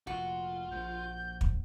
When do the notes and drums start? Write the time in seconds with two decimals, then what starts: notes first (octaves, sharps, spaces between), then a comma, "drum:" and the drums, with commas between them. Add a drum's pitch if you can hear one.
0.07 F1 F2 A#2 F4 F#4
0.71 A#1 A#2 F3 G6
1.41 drum: kick